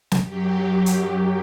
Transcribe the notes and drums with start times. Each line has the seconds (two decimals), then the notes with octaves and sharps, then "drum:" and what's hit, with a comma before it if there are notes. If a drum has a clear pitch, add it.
0.12 drum: snare
0.23 F#2 F#3 G4
0.86 drum: hi-hat